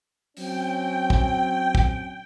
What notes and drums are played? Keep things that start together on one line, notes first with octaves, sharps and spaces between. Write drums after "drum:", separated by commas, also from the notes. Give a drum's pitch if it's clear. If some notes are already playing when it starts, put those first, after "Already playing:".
F#3 C4 C#4 G5, drum: open hi-hat
drum: kick
drum: kick